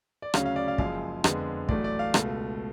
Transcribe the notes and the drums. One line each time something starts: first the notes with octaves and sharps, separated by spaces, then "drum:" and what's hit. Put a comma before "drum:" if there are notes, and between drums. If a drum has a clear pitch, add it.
D5
D2 C#3 F#3 C#4 F5, drum: rim click
F5
D5
F5
F#1 F#2 F3 G#3 F5, drum: kick
F2 D3 G#3 B3, drum: rim click
A1 A2 F#3 A3 D5, drum: kick
D5
F5
C#2 B2 A3, drum: rim click